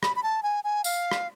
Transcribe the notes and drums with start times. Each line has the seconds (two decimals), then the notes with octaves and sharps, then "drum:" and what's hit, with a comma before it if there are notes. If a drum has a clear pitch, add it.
0.03 B5, drum: rim click
0.16 B5
0.23 A5
0.43 G#5
0.64 G#5
0.84 F5, drum: tambourine
1.11 drum: rim click